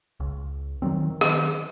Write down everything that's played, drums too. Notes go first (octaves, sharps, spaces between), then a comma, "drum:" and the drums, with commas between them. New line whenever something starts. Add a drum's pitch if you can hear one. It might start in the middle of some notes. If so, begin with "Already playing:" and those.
C#2
D#3 F3 F#3 C4
D#3
drum: rim click